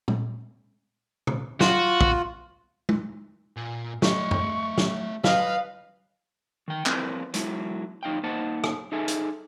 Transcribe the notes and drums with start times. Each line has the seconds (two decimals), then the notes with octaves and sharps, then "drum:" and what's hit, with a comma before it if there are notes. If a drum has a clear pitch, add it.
0.08 drum: tom
1.27 drum: tom
1.61 F4 F#4, drum: snare
2.01 drum: kick
2.89 drum: tom
3.56 A#2
4.02 A3 D#5 C#6, drum: snare
4.31 drum: tom
4.78 drum: snare
5.24 B4 D#5 F5, drum: snare
6.68 D#3 G5
6.86 F3 C4 E4 A#4 B4, drum: clap
7.34 F#3 G#3 E4, drum: hi-hat
8.03 F2 D#4 F5 G5
8.23 A#3 D#4 C5 D#5 F#5 A5
8.64 drum: rim click
8.92 D#4 G#4 A4 E5 G#5
9.08 drum: hi-hat